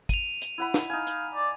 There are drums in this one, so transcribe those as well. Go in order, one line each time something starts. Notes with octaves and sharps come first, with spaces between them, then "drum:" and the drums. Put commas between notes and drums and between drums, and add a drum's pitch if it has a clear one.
D#7 F7, drum: kick, hi-hat
drum: hi-hat
E4 F#5 B5
drum: snare
D#4 F5 G#5
drum: hi-hat
D5